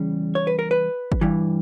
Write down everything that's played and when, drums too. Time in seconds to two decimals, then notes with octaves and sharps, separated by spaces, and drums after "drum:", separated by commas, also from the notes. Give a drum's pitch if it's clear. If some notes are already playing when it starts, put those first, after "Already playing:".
Already playing: E2 C#3 G3
0.35 C#5
0.47 B4
0.59 A#4
0.71 B4
1.12 drum: kick G1
1.21 G2 E3 G3